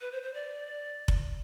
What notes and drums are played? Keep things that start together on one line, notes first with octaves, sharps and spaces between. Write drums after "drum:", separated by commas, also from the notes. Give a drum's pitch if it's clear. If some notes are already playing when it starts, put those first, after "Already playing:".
B4
C5
C5
D5
drum: kick F1